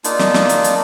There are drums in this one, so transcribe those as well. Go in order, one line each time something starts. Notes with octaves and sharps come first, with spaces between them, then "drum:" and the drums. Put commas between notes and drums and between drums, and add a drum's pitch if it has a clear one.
A#3 D4 D#4 F4, drum: hi-hat
drum: snare
drum: snare
drum: hi-hat
drum: hi-hat